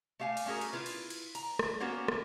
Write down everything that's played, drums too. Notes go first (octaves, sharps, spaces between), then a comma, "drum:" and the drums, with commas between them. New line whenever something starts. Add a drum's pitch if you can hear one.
A3 G4 F5 F#5 G#5
drum: cymbal
A3 C#4 F#4 G#4 A#4
drum: cymbal
E4 F4 B4
drum: cymbal
drum: cymbal
A#5, drum: cymbal
drum: rim click
A#3 B3 C#4 F#4 G4
drum: rim click